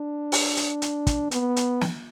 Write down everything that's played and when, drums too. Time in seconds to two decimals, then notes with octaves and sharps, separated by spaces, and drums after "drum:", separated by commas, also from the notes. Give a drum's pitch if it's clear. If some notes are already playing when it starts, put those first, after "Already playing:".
Already playing: D4
0.32 drum: open hi-hat
0.57 drum: hi-hat
0.82 drum: hi-hat
1.07 drum: kick, hi-hat
1.31 B3, drum: hi-hat
1.56 drum: hi-hat
1.81 drum: snare